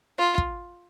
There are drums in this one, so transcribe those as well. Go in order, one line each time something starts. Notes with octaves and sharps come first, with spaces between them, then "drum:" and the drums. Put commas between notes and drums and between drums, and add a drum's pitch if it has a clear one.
F4
drum: kick